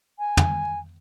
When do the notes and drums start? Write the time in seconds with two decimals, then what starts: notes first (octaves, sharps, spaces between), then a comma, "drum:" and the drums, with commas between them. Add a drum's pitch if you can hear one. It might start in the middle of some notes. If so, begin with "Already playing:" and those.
0.19 G#5
0.37 drum: tom